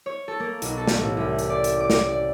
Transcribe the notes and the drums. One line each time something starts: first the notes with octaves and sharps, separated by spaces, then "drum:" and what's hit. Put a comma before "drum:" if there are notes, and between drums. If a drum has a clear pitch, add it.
C#5
A4
A#3
B1, drum: hi-hat
A4
drum: snare
A1
C2
drum: hi-hat
D5
drum: hi-hat
D6
drum: snare
D5